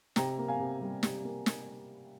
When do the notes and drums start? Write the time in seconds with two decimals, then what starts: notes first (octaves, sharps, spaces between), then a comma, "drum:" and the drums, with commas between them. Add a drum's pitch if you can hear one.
0.16 C3 G5 A#5, drum: snare
0.38 A#3
0.48 F5 G#5
0.60 C3
0.81 G3
1.03 C3, drum: snare
1.25 A#3
1.46 drum: snare